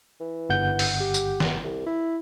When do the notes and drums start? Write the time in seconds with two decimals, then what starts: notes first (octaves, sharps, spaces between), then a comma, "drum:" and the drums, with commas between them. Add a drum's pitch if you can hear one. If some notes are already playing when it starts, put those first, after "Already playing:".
0.20 E3
0.49 G1 F#5 G6
0.79 drum: open hi-hat
1.00 G4
1.14 drum: tambourine
1.40 drum: snare
1.64 C2
1.86 E4